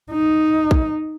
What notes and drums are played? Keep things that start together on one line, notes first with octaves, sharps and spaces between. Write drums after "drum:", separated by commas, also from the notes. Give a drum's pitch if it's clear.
D#4
drum: kick A#1